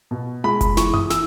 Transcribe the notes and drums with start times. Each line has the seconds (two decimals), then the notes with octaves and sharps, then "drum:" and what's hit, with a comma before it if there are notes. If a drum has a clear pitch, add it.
0.11 B2
0.44 G#3 B5
0.61 B5, drum: kick F#1, hi-hat
0.77 E3 C#6, drum: snare
0.94 D#6, drum: tom F#2
1.10 E3 E6, drum: snare